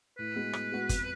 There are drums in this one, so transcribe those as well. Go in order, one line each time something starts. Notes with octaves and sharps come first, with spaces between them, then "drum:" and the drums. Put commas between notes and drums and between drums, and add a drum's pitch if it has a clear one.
A2 B4
G#3 B3 F#4
A2, drum: rim click
G#3 B3 F#4
F2, drum: kick G1, hi-hat